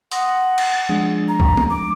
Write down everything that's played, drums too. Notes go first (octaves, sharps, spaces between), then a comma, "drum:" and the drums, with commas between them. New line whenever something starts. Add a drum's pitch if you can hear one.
F#5 C6 D#6 A#6, drum: hi-hat
drum: cymbal
F3 G#3 D4
A#5
drum: kick C2
drum: tom
D6